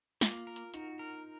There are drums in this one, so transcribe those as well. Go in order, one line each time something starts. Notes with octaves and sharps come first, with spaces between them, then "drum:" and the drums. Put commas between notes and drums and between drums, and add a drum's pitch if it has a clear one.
A#3 F4, drum: snare
A#4
drum: hi-hat
D#4 F#4, drum: hi-hat
A#4